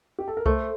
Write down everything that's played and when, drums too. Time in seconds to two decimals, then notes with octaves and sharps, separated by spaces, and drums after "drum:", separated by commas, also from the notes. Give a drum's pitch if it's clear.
0.19 G4
0.28 A4
0.37 A#4
0.46 A3 C5, drum: kick C2